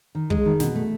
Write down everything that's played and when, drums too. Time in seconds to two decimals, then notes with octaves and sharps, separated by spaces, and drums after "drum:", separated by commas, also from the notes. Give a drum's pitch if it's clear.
0.15 D#3
0.30 G#3, drum: kick
0.45 D#3
0.60 B2, drum: snare
0.75 A3